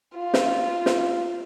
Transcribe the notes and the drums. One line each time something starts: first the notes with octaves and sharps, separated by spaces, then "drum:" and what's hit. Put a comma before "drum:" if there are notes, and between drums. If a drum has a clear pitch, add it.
F4
drum: snare
drum: snare